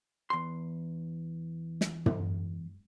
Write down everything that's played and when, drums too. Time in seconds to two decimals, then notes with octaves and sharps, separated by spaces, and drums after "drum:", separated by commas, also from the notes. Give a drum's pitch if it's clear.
0.30 E2 C6
1.81 drum: snare
2.06 drum: tom